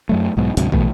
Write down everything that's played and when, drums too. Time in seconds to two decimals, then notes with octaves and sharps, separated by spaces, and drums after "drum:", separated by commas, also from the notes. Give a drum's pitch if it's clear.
0.09 F#2 F#3 A3
0.37 B1 G#2 B2 F#3
0.57 D2 G#2 C3 F#3, drum: hi-hat
0.72 B2 E3 A3, drum: kick